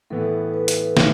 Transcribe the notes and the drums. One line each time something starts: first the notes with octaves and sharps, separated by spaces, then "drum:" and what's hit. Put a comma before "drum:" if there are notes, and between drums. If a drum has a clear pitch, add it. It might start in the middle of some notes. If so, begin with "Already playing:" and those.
A2 E3 B3 A4
B4
drum: hi-hat
A2 E3 C#5, drum: snare